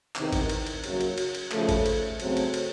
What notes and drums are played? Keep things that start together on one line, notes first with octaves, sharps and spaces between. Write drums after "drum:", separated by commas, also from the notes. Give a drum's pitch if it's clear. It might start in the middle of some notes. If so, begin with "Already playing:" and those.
E2 C3 D#3, drum: clap
drum: kick, cymbal
drum: cymbal
drum: cymbal
F#2 C#3 F#3 A#3, drum: cymbal
drum: cymbal
drum: cymbal
drum: cymbal
D#2 C#3 F3 A3, drum: clap
drum: kick, cymbal
drum: cymbal
C#3 F#3 A3 C4, drum: cymbal
drum: cymbal
drum: cymbal